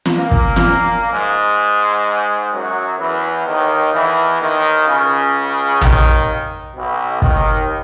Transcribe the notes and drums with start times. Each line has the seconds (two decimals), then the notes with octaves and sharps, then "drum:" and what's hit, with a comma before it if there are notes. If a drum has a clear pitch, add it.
0.06 drum: snare
0.17 A#2 A#3
0.31 drum: kick
0.56 drum: snare
1.11 G#2 G#3
2.53 F#2 F#3
2.99 E2 E3
3.47 D#2 D#3
3.93 E2 E3
4.40 D#2 D#3
4.87 C#2 C#3
5.81 D#2 D#3, drum: tom A#1
6.75 B1 B2
7.22 D#2 D#3, drum: kick